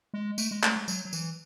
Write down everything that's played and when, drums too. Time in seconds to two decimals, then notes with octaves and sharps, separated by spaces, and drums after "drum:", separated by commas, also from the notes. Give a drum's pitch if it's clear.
0.14 G#3
0.38 A3, drum: tambourine
0.51 G#3
0.63 A3, drum: clap
0.76 G#3
0.88 F#3, drum: tambourine
1.05 F#3
1.13 E3, drum: tambourine